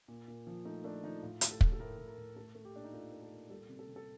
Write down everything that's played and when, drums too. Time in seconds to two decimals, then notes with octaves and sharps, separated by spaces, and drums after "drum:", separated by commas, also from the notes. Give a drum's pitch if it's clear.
0.08 A#2
0.28 A#2
0.47 F3
0.65 A3 D#4
0.84 A3 D4
1.04 F3 D#4
1.23 A2 F4
1.41 A2, drum: hi-hat
1.51 A4
1.61 A2, drum: kick
1.73 A4
1.80 A2 A#4
1.98 A2
2.08 A#4
2.18 A2
2.36 A3 A4
2.55 A3
2.65 G4
2.74 A#2 D4
2.84 D#4
2.93 A3 F4
3.12 A3
3.22 A4
3.31 A#2
3.50 G3 A4
3.69 C3
3.79 A4
3.88 C3
3.96 A4